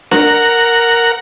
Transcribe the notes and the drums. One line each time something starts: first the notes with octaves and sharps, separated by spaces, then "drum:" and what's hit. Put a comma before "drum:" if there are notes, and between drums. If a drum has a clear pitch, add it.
A#4 F#5, drum: snare D4